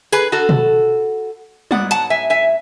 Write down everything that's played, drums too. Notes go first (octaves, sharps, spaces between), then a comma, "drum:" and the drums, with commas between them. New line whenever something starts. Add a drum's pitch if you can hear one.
G#4 B4, drum: tambourine
F#4 A4
drum: tom B2
G#2 F#3 B3 D5 F#5, drum: tom G3
F#5 A5, drum: hi-hat
E5 G#5
E5 G#5